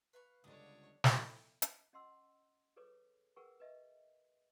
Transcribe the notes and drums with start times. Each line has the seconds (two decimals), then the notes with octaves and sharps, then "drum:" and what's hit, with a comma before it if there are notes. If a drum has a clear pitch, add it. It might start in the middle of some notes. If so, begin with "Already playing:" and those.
0.13 B4 F5 C#6
0.44 C#2 D3 G3 B3 D4 C#5 D#5 D#6
1.04 drum: snare
1.62 drum: hi-hat
1.93 C#4 D#5 F#5 C6 E6
2.76 G#4 A4 B4 C#5 D6
3.36 G#4 A#4 B4 F#5 G5 C#6
3.60 B4 D#5 E5